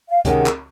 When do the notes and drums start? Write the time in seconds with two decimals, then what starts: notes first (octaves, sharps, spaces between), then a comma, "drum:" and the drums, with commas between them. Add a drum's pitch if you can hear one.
0.09 F5
0.25 C3 D#3 G#3 C#4 F#5, drum: kick C#2, hi-hat
0.46 drum: clap